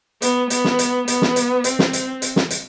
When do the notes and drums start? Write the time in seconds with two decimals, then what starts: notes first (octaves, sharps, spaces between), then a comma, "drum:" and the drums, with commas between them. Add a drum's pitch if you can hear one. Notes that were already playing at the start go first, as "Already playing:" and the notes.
0.22 B3, drum: hi-hat
0.50 B3, drum: hi-hat
0.64 drum: snare
0.79 drum: hi-hat
1.08 B3, drum: hi-hat
1.22 drum: snare
1.36 drum: hi-hat
1.64 C4, drum: hi-hat
1.79 drum: snare
1.93 drum: hi-hat
2.22 drum: hi-hat
2.36 drum: snare
2.51 drum: hi-hat